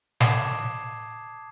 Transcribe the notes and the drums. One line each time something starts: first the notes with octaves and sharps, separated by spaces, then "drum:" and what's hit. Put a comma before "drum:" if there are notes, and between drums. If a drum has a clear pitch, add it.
A5 D6 D#6 G#6 C7 E7, drum: snare